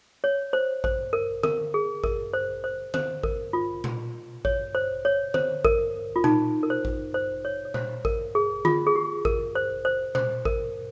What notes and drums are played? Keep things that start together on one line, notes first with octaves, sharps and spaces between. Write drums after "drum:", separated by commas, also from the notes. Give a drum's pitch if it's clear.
C#5
C5
C5, drum: kick A1
A#4
A#4, drum: tom D3
G#4
A#4, drum: kick A1
C5
C5
C5, drum: tom D3
A#4, drum: kick A1
F4
drum: tom A#2
C#5, drum: kick A1
C5
C#5
C5, drum: tom D3
A#4, drum: kick A1
F4
D#4, drum: tom A#2
A#4
C5
drum: kick A1
C5
C#5
C#5
C5, drum: tom A#2
A#4, drum: kick A1
G#4
F4, drum: tom D3
G#4
G4
A#4, drum: kick A1
C5
C5
C5, drum: tom A#2
A#4, drum: kick A1